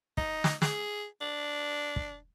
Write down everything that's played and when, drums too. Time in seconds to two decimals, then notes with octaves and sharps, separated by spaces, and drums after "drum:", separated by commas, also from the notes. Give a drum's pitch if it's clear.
0.17 D#4, drum: kick
0.44 drum: snare
0.62 G#4, drum: snare
1.21 D4
1.96 drum: kick